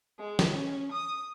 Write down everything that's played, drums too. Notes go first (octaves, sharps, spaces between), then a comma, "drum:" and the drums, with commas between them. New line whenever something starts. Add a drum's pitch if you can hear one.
G#3
drum: snare
C#4
D#6